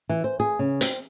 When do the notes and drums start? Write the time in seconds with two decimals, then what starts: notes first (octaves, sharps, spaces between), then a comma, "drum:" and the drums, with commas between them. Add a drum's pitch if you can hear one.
0.09 E3
0.24 C5
0.40 G#4
0.59 C#3
0.81 C4, drum: hi-hat